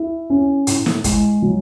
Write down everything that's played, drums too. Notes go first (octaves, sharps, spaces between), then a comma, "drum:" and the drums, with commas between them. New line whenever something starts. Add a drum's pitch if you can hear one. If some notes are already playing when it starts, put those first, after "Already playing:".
Already playing: E4
C#4
A2, drum: hi-hat
drum: snare
G#3, drum: kick, hi-hat
F#3